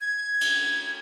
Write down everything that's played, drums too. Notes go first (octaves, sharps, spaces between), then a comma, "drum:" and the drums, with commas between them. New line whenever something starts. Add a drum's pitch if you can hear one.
G#6
drum: cymbal